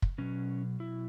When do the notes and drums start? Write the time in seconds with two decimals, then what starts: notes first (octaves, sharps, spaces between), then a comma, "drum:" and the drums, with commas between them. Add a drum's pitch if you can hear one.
0.02 drum: kick
0.18 B2 F#3 C#4
0.80 E4